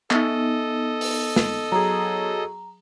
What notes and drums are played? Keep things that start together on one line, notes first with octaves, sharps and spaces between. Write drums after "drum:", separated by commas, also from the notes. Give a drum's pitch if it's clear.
B3 D#4 A4 D#5, drum: clap
drum: open hi-hat
drum: snare
F#3 G#4 A#5